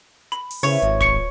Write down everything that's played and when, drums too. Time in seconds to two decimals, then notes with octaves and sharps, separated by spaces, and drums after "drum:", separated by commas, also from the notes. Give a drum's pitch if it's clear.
0.32 B5, drum: hi-hat
0.51 drum: open hi-hat
0.63 C#3 E4 B4 C#5
0.82 G#1 F3, drum: hi-hat
1.01 C#6 C#7, drum: kick D1, hi-hat